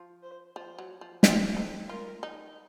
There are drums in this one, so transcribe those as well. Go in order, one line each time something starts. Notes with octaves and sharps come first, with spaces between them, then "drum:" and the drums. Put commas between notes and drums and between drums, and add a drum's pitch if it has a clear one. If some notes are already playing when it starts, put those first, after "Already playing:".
Already playing: F3
C5
F3 C5
F#3
F3
C4 C5, drum: snare
D#4 A4
F4 A#4
D#4